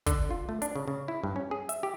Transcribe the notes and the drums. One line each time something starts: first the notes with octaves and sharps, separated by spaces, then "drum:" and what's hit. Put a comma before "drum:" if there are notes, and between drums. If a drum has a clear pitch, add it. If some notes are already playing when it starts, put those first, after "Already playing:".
D3, drum: kick, hi-hat
F4
A3
D4, drum: hi-hat
C#3
C#3
E4
G2
C#4
G#4
E5, drum: hi-hat
G4